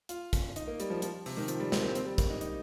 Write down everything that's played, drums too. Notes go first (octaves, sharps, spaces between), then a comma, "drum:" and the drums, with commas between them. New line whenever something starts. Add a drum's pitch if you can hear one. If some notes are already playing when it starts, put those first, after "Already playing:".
F4, drum: hi-hat
drum: kick, hi-hat
D#4, drum: hi-hat
A#3
G3, drum: hi-hat
F3
F3, drum: hi-hat
C3, drum: open hi-hat
D#3
F3, drum: hi-hat
G3
C4, drum: snare
A#3
C4, drum: hi-hat
G3
A#3, drum: kick, hi-hat
D#4
D#4, drum: hi-hat